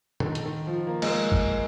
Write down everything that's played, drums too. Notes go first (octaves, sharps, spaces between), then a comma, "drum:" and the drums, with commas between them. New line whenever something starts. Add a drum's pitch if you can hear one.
D3, drum: tom
D#3
drum: hi-hat
D#3
F3
A#3
G#3, drum: cymbal
A#3
drum: kick